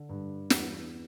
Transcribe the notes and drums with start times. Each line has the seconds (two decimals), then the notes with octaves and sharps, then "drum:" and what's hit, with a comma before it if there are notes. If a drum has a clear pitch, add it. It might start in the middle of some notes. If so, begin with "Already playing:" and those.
Already playing: D3
0.09 G2
0.50 E2, drum: snare